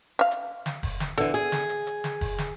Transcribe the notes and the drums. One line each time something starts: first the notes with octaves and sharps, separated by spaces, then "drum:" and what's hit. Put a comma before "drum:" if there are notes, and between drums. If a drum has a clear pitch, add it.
E5 F5
drum: hi-hat
drum: snare
drum: kick F1, open hi-hat
drum: snare
D3 E3 A4, drum: hi-hat
G#4, drum: hi-hat
drum: snare
drum: hi-hat
drum: hi-hat
drum: snare
drum: kick F1, open hi-hat
drum: snare